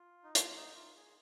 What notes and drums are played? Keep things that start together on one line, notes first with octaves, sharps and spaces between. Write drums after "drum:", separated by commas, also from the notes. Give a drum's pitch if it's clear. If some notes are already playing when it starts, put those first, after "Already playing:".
Already playing: F4
D#4
F4, drum: hi-hat
D#4
F4
G#4